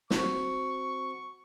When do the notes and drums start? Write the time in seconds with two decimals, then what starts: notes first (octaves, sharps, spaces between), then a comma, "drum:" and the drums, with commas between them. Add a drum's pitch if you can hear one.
0.10 C4 F#4 C#6, drum: snare